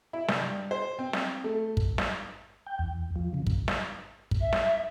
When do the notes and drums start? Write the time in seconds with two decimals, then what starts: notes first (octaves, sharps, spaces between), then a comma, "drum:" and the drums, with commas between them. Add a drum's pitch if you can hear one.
0.13 E4
0.28 G2, drum: snare
0.71 C5
0.99 C4
1.13 drum: snare
1.44 A3
1.77 drum: kick
1.98 drum: snare
2.67 G5
2.79 E2
3.16 F3
3.34 C#3
3.47 drum: kick
3.68 drum: snare
4.31 drum: kick
4.41 E5
4.53 drum: snare